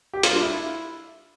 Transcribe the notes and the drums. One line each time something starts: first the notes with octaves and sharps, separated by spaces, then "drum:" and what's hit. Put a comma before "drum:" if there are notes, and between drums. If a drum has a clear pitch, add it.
G4
F4, drum: hi-hat
D4
E4